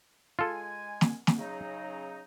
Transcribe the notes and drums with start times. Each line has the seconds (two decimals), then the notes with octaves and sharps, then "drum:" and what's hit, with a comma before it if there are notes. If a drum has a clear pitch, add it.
0.39 G#3 F4 A4 G#5
1.01 drum: snare
1.27 drum: snare
1.38 C#3 F#3 D#4